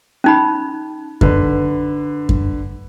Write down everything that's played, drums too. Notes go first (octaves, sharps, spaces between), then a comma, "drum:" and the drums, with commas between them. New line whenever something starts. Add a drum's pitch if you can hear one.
C#4 D#4 B5
D3 B4, drum: kick F#2
drum: kick F#2